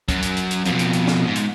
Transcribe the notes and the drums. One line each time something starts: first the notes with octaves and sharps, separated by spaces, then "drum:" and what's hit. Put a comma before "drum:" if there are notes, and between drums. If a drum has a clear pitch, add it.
F#2 F#3, drum: kick, hi-hat
drum: hi-hat
drum: hi-hat
drum: hi-hat
F2 B2, drum: hi-hat
drum: hi-hat
drum: hi-hat
drum: snare
G#2
drum: hi-hat